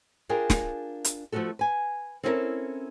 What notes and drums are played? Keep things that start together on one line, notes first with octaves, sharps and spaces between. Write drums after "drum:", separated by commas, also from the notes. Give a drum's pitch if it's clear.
D4 F4 G#4 A#4 G5
drum: snare
drum: hi-hat
F3 A3 B3 C#4 F#4 A4
B4 G#5
C4 C#4 E4 F#4 A4 A#4